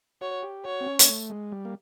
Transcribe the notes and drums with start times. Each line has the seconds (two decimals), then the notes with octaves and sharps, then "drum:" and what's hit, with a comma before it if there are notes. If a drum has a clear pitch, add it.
0.21 F#4 C#5
0.43 G4
0.65 F#4 C#5
0.81 C4
0.86 C#4
0.99 A#3, drum: hi-hat
1.09 A3
1.30 G#3
1.52 G3
1.65 A#3